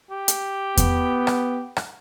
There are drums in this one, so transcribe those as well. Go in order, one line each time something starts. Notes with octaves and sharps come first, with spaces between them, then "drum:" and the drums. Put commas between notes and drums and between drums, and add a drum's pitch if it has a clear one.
G4
drum: hi-hat
B3, drum: kick E2, hi-hat
drum: rim click
drum: rim click